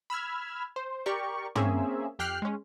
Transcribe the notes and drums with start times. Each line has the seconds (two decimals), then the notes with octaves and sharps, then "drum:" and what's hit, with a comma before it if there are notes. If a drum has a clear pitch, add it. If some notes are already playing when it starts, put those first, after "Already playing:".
0.10 B5 E6 F6 G#6
0.76 C5
1.06 G4 A#4 D5 C#6
1.55 A#3 C4 C#4 G#4 E5, drum: tom
2.19 F2 G4 G5 F6 F#6 C7
2.42 G#3 C#4